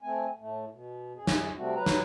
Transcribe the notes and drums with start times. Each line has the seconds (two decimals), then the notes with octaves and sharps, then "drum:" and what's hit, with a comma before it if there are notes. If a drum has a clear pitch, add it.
0.02 A3 C4 G#5
0.39 A2 A3
0.72 B2
1.15 F#2 G#4
1.27 drum: snare
1.56 C3 G3 A3 C4 F#4
1.75 F#3 B4 A#5
1.86 drum: snare